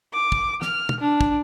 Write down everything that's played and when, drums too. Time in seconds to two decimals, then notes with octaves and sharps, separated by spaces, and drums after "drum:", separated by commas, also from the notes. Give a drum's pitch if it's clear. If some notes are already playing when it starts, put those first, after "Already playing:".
0.13 D6
0.32 drum: kick
0.62 F6, drum: snare
0.89 drum: tom
1.00 D4
1.21 drum: kick